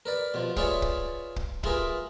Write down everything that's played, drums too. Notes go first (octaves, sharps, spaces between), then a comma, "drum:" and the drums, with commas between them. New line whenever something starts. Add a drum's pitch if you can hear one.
A#4 B4 D5
B2 F3
F4 G#4 B4 C#5 D5 E5, drum: kick
drum: kick
drum: kick
E4 F4 G#4 A#4 B4, drum: kick